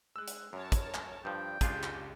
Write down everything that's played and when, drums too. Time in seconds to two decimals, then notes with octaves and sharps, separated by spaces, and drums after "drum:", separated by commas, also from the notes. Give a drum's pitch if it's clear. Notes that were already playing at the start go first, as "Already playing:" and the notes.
0.16 G#3 E6 F#6
0.28 drum: hi-hat
0.53 F#2 A#4 C#5 A5
0.72 drum: kick, hi-hat
0.94 drum: clap
1.25 G2 F3 D4 G5
1.61 C#2 G#3 D4 F4 G4 G#4, drum: kick, hi-hat
1.83 drum: clap